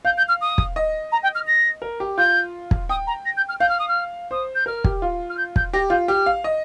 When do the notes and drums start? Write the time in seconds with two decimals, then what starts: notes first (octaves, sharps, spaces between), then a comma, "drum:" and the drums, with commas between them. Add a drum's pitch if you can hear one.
0.05 F5 G6
0.17 G6
0.28 F6
0.41 D#6
0.58 drum: kick
0.76 D#5
1.12 A#5
1.23 G5
1.34 F6
1.46 A#6
1.82 A#4
2.00 G4
2.17 F4 G6
2.71 drum: kick
2.89 G5 D#6
3.07 A#5
3.25 A#6
3.36 G6
3.48 F6
3.60 F5 G6
3.69 F6
3.79 D#6
3.88 F6
4.31 C5 D#6
4.55 G6
4.66 A#4 F6
4.84 G4, drum: kick
5.02 F4
5.29 F6
5.37 G6
5.56 G6, drum: kick
5.73 G4 A#6
5.90 F4 G6
6.08 G4 F6
6.26 F5
6.44 D#5